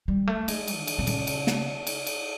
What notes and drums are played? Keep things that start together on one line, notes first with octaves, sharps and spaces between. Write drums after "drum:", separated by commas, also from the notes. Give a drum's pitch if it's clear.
G3
A3
G#3, drum: cymbal
drum: cymbal
D3
drum: cymbal
C3
C#3, drum: cymbal
drum: cymbal
drum: snare
drum: cymbal
drum: cymbal